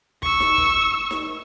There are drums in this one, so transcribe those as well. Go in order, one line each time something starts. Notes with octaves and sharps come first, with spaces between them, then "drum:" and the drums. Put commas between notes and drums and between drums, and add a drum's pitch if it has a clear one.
C#6 E6, drum: kick
drum: snare D#4
drum: kick
drum: snare D#4